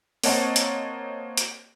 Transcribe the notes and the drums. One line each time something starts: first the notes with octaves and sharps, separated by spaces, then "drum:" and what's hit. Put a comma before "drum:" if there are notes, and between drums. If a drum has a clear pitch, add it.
A#3 C4 C#5 D#5 F#5 A5, drum: open hi-hat
drum: hi-hat
drum: hi-hat